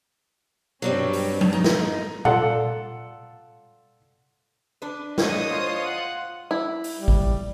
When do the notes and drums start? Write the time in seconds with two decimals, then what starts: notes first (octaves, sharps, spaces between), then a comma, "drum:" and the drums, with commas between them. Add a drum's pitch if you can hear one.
0.82 G2 F#3 G3 C4 C#4
1.13 drum: open hi-hat
1.41 drum: tom F3
1.53 D#4
1.64 drum: snare
2.25 F4 A4 D5 F#5, drum: tom A#2
4.82 D4 B4
5.18 C5 C#5 D#5 D#6, drum: snare
5.49 F4
5.85 F#5
6.51 E4
6.84 drum: open hi-hat
6.98 G3
7.08 drum: kick G#1